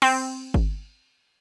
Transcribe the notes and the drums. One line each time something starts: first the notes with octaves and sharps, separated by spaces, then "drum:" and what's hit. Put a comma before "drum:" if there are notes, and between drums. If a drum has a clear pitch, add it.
C4, drum: cymbal
drum: kick G1